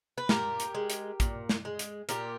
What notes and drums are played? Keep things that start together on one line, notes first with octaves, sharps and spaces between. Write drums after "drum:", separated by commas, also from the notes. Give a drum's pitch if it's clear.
B4
A#2 G4 A#4, drum: snare
drum: hi-hat
G#3
drum: hi-hat
A#2, drum: kick, hi-hat
drum: snare
G#3
drum: hi-hat
A#2 G4 A#4, drum: hi-hat